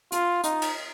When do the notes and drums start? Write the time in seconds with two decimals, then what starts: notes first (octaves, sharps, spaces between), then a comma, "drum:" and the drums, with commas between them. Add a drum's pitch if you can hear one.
0.12 F4, drum: hi-hat
0.44 D#4, drum: hi-hat
0.62 drum: cymbal